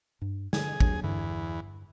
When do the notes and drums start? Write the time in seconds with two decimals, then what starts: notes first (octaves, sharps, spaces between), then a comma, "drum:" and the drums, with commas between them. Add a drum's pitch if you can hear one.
0.22 G2
0.53 D3 G#4, drum: snare
0.80 D#2 F#3 D4, drum: kick
1.04 E2 G2 D3